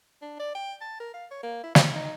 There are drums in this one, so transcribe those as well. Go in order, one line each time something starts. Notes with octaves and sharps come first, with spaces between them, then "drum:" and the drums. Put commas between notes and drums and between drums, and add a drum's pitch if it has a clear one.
D4
D5
G5
A5
A#4
F5
C#5
A#3
E4
C4, drum: snare
D#4